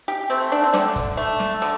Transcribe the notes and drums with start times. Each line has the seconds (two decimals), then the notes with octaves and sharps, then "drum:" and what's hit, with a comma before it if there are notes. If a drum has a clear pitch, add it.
0.08 G4
0.30 A3 C4
0.52 D4
0.64 C4
0.74 D3 D4, drum: snare
0.96 drum: kick, hi-hat
1.17 A3
1.39 drum: snare
1.62 D3